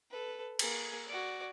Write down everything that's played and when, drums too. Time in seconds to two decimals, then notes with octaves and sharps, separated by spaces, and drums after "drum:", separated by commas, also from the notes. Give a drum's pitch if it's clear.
0.11 A4 B4
0.59 A#3 G#4, drum: cymbal
1.07 F#4 D5